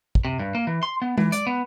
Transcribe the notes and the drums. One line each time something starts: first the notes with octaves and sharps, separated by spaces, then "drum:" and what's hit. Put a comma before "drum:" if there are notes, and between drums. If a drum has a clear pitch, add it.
drum: kick
C3
G2
A#3
E3
C6
B3
E3, drum: tom G#3
D5, drum: hi-hat
B3